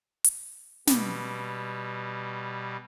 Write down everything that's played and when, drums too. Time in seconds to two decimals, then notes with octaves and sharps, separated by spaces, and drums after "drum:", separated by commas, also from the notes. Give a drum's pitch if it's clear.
0.24 drum: hi-hat
0.87 B2 G3, drum: snare